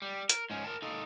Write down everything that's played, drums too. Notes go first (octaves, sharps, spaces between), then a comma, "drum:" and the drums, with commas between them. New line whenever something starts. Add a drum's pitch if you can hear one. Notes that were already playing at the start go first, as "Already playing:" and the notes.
G3
A#4, drum: hi-hat
G#2 C#4
A#4 A5
D#4 A4